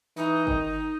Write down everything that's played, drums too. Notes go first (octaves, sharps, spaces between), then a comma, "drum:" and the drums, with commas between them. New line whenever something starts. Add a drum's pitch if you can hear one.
E3 D#4
D#3, drum: kick G1